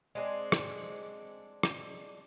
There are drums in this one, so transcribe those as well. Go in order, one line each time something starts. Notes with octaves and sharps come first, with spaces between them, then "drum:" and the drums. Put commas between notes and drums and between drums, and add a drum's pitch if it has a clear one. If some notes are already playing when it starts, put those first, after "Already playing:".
G#3 C4 D4
drum: rim click
drum: rim click